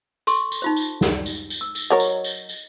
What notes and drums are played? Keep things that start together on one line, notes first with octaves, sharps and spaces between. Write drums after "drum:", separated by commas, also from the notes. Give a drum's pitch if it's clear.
A4 C6 C#6, drum: tambourine
drum: tambourine
D#4 F4 C5
drum: tambourine
drum: snare
drum: tambourine
drum: tambourine
E6
drum: tambourine
F#3 A#4 C#5 D#5
drum: tambourine
drum: tambourine
drum: tambourine